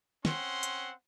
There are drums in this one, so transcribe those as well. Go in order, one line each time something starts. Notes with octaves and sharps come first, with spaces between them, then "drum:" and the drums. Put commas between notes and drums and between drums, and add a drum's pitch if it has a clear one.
C4 C#4 F#5 C6, drum: snare
drum: hi-hat